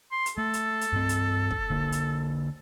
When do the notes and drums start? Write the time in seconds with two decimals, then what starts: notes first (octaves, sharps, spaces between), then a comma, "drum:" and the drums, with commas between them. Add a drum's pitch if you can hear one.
0.12 C6
0.26 drum: hi-hat
0.38 A3 A4
0.54 drum: hi-hat
0.81 drum: hi-hat
0.93 G2 C4
1.09 drum: hi-hat
1.51 drum: kick
1.70 D3 A#3
1.92 drum: hi-hat